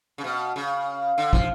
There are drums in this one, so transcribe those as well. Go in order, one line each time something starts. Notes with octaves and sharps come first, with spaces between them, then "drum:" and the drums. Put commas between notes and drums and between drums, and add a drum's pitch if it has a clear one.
C#3
B2
C#3
D3
F3, drum: kick